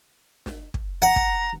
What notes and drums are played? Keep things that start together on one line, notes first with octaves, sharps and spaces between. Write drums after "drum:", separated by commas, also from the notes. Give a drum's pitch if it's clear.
drum: snare
drum: kick
F#5 A#5
drum: kick